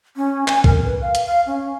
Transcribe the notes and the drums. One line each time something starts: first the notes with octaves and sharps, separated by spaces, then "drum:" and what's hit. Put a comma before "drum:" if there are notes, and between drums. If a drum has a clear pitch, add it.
C#4
G#5, drum: clap
A#4, drum: kick
B4
F5
drum: hi-hat
F5
C#4